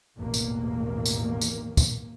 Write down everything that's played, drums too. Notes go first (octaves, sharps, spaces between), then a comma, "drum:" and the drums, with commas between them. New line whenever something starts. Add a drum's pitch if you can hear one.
A1 E2 G#2 B2 D#3 A#3
drum: tambourine
drum: tambourine
drum: tambourine
drum: kick, tambourine